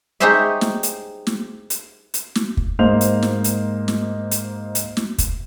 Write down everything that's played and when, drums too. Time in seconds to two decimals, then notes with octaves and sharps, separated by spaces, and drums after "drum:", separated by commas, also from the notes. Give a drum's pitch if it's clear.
0.20 D#4 G4 G#4 C5 C#5 E5
0.61 drum: snare
0.83 drum: hi-hat
1.27 drum: snare
1.70 drum: hi-hat
2.14 drum: hi-hat
2.35 drum: snare
2.57 drum: kick
2.79 G#2 A#3 C5 D#5 F7
3.01 drum: hi-hat
3.23 drum: snare
3.44 drum: hi-hat
3.88 drum: snare
4.31 drum: hi-hat
4.75 drum: hi-hat
4.97 drum: snare
5.18 drum: kick, hi-hat